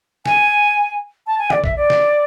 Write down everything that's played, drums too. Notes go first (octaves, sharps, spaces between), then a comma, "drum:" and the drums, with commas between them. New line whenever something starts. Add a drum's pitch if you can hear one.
G#5, drum: snare
A5
G#5
D5, drum: tom C#3
E5, drum: kick
D5
drum: snare